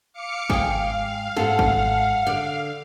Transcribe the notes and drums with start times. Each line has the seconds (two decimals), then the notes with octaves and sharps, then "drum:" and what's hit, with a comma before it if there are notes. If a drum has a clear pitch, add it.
0.13 F5 D6 C#7
0.50 G#2 G#4 F5 G5, drum: kick G#1
1.37 G#2 A4 F#5, drum: snare
1.59 drum: kick G#1
2.27 D3 D5